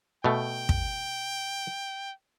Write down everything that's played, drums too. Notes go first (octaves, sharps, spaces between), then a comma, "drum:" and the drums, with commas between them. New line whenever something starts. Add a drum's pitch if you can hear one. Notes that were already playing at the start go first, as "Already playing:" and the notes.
B2 A3 G5
drum: kick